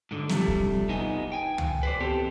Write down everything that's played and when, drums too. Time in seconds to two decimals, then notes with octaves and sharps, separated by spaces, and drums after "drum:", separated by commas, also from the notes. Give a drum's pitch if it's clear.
0.11 G#2 D3
0.30 G2 C3 F3 G3 A3, drum: snare
0.48 drum: kick
0.89 B3 D#4 D#5 G#5
1.32 G5 G#5
1.58 drum: tom
1.83 B4 C5 D5
2.01 E2 C4 G4 A4